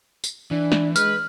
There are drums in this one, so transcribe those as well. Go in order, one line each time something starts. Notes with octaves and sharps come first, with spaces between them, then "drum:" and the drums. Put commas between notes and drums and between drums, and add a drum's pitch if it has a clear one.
drum: tambourine
E3 D4
drum: snare
G#3 B4 F6, drum: tambourine